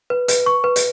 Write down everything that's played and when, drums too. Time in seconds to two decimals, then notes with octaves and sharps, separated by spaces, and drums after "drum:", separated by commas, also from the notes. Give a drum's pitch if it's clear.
0.10 B4
0.28 B4, drum: hi-hat
0.46 C#6
0.64 B4
0.76 drum: hi-hat